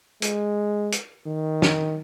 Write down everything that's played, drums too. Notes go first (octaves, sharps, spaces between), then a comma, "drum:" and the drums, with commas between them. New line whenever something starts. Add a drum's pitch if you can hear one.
G#3, drum: hi-hat
drum: hi-hat
D#3
drum: snare